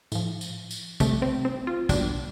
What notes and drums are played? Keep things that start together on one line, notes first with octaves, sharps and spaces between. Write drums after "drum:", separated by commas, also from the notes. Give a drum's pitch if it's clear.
A2 F3, drum: tambourine
drum: tambourine
drum: tambourine
C3 G3 A3, drum: kick, tambourine
C4
C4
F4
B2 G3 D4, drum: kick, tambourine